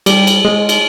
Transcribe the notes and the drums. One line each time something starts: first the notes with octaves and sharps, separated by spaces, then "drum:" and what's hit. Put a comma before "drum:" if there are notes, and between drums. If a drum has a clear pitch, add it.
G3, drum: cymbal
drum: cymbal
G#3
drum: cymbal